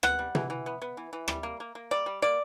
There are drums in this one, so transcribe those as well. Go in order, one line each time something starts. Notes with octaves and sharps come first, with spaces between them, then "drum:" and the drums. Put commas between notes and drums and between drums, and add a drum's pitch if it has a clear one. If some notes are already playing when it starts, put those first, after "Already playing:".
B3 F#5, drum: rim click
G3
E3, drum: tom
E3
B3
B3
E3
E3
G3, drum: rim click
A#3
A#3
A#3
G3 D5
G3
A#3 D5